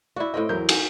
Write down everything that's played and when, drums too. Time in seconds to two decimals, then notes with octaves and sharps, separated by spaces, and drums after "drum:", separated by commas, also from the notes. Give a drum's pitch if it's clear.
0.16 E4 F#4 D5
0.34 A2 C4 D#5 G5
0.49 E2 F#3 A#4 G6
0.69 F#4 G#5, drum: cymbal